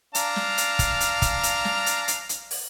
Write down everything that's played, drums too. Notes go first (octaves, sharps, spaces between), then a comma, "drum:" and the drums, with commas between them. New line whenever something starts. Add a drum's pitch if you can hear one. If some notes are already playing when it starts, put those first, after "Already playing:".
D4 F5 A#5, drum: hi-hat
drum: snare
drum: hi-hat
drum: kick, hi-hat
drum: hi-hat
drum: kick, hi-hat
drum: hi-hat
drum: snare
drum: hi-hat
drum: hi-hat
drum: hi-hat
drum: open hi-hat